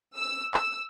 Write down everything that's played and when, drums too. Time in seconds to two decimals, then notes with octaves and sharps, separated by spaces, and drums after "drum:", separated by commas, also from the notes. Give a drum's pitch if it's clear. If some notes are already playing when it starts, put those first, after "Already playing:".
0.16 E6
0.54 E6, drum: clap